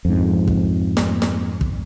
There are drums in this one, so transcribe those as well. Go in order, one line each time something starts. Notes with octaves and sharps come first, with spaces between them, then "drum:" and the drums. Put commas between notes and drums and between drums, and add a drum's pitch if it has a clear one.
F2 G#2
drum: kick
drum: snare
drum: snare
drum: kick